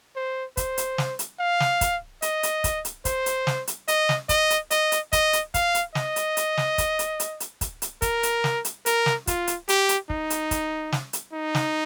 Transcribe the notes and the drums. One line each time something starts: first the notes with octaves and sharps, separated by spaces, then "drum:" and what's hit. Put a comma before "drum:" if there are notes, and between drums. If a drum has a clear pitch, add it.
C5
C5, drum: kick, hi-hat
drum: hi-hat
drum: snare
drum: hi-hat
F5
drum: snare
drum: kick, hi-hat
D#5, drum: hi-hat
drum: hi-hat
drum: kick, hi-hat
drum: hi-hat
C5, drum: kick, hi-hat
drum: hi-hat
drum: snare
drum: hi-hat
D#5, drum: hi-hat
drum: snare
D#5, drum: kick, hi-hat
drum: hi-hat
D#5, drum: hi-hat
drum: hi-hat
D#5, drum: kick, hi-hat
drum: hi-hat
F5, drum: kick, hi-hat
drum: hi-hat
D#5, drum: snare
drum: hi-hat
drum: hi-hat
drum: snare
drum: kick, hi-hat
drum: hi-hat
drum: hi-hat
drum: hi-hat
drum: kick, hi-hat
drum: hi-hat
A#4, drum: kick, hi-hat
drum: hi-hat
drum: snare
drum: hi-hat
A#4, drum: hi-hat
drum: snare
F4, drum: kick, hi-hat
drum: hi-hat
G4, drum: hi-hat
drum: hi-hat
D#4, drum: kick
drum: hi-hat
drum: kick, hi-hat
drum: snare
drum: hi-hat
D#4
drum: snare